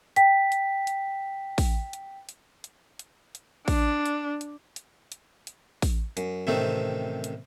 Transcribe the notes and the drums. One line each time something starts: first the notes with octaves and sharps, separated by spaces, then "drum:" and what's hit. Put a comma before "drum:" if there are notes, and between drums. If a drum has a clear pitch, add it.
G5 B6, drum: hi-hat
drum: hi-hat
drum: hi-hat
drum: kick A1, open hi-hat
drum: hi-hat
drum: hi-hat
drum: hi-hat
drum: hi-hat
drum: hi-hat
D4, drum: kick A1, open hi-hat
drum: hi-hat
drum: hi-hat
drum: hi-hat
drum: hi-hat
drum: hi-hat
drum: kick A1, open hi-hat
F#2, drum: hi-hat
A1 C3 D#3 A3 C4
drum: hi-hat